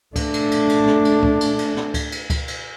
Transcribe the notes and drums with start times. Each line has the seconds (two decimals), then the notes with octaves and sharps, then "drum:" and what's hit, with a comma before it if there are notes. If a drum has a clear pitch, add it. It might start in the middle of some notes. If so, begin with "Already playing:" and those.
0.16 A3 D4, drum: kick C#2, cymbal
0.34 drum: cymbal
0.51 drum: cymbal
0.69 drum: cymbal
0.87 drum: snare
1.05 drum: cymbal
1.23 drum: kick C#2
1.41 drum: cymbal
1.58 drum: cymbal
1.76 drum: snare
1.94 drum: kick C#2, cymbal
2.12 drum: cymbal
2.30 drum: kick C#2, cymbal
2.48 drum: cymbal